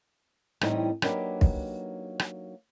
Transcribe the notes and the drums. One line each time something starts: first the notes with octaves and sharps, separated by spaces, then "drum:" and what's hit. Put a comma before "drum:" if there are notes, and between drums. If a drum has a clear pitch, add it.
A2 E3 G3 A3 C4 D#4, drum: rim click
F#3 A#3 D4 D#4 G4 B4, drum: rim click
drum: kick
drum: rim click